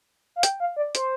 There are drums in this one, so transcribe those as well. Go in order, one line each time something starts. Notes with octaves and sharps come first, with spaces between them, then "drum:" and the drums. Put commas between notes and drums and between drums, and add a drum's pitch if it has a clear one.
F5
G5, drum: hi-hat
F5
D5
C5, drum: hi-hat